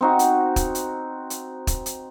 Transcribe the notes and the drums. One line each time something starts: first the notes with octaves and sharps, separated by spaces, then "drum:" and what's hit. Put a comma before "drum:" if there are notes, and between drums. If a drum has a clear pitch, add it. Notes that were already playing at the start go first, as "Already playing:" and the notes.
C4 D#4 F#4
drum: hi-hat
drum: kick, hi-hat
drum: hi-hat
drum: hi-hat
drum: kick, hi-hat
drum: hi-hat